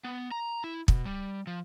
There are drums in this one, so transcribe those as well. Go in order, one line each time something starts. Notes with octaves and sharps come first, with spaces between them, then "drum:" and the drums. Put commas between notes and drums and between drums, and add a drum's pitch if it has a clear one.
B3
A#5
E4
B2, drum: kick
G3
F3